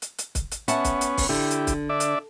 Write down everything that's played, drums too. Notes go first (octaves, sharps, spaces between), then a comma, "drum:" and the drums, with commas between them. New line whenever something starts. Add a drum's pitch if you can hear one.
drum: hi-hat
drum: hi-hat
drum: kick, hi-hat
drum: hi-hat
B3 C#4 E5 F#5 A5, drum: hi-hat
drum: kick, hi-hat
drum: hi-hat
drum: kick, open hi-hat
D3 E4 G4
drum: hi-hat
drum: kick, hi-hat
D4 D5 E5
drum: hi-hat